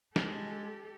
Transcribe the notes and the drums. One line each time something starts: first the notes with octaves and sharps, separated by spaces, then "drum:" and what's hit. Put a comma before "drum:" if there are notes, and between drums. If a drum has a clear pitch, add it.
G#3 G4 A4, drum: snare